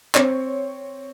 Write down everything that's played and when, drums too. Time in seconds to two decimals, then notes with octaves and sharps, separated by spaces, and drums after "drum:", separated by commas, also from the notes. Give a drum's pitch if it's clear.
0.15 C4 C#5, drum: clap